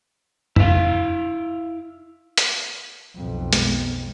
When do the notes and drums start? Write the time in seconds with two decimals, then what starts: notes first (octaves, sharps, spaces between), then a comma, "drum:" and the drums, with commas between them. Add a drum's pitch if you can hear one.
0.56 E4 F5, drum: tom F2
2.38 drum: hi-hat
3.16 B1 F2
3.53 G#3 B3, drum: hi-hat